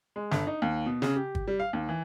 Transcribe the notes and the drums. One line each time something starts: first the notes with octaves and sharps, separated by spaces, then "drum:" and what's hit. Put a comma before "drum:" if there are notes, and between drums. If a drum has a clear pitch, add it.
G#3
G1, drum: snare
D#4
D#2
B2
C#3, drum: snare
G4
drum: kick
G3
F5
D#2
E3